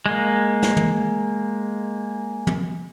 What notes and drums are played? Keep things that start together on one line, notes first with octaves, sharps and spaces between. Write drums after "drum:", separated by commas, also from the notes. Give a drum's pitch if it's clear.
G#3 A#3
drum: snare
drum: tom
drum: tom